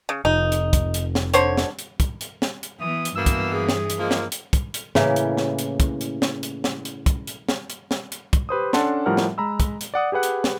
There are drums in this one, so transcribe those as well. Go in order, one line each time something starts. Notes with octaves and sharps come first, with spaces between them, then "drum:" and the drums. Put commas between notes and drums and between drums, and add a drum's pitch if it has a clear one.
C#3
F1 D#4
drum: hi-hat
drum: kick, hi-hat
drum: hi-hat
drum: snare
D3 C5 C#5, drum: hi-hat
drum: snare
drum: hi-hat
drum: kick, hi-hat
drum: hi-hat
drum: snare
drum: hi-hat
E3 B3 D#6
drum: hi-hat
G2 B2 E3 A#3 B3 E6
drum: kick, hi-hat
G#4
drum: snare
drum: hi-hat
F3 G#3 A#3
drum: snare
drum: hi-hat
drum: kick, hi-hat
drum: hi-hat
A2 C#3 E3 A#3, drum: snare
drum: hi-hat
drum: snare
drum: hi-hat
drum: kick, hi-hat
drum: hi-hat
drum: snare
drum: hi-hat
drum: snare
drum: hi-hat
drum: kick, hi-hat
drum: hi-hat
drum: snare
drum: hi-hat
drum: snare
drum: hi-hat
drum: kick, hi-hat
G4 B4 C5 D#6
C#4 D4 A4 F#5 A5 C6, drum: snare
A2 F3 G3 A#4 F#5 F6
drum: snare
G#3 A#5 B5 E6
drum: kick, hi-hat
drum: hi-hat
D5 F#5 D#6
G4 G#4 B4 F#5 F#6
drum: hi-hat
drum: snare